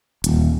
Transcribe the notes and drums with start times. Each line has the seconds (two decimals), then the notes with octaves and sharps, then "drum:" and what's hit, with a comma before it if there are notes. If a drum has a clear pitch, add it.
0.24 D#1, drum: hi-hat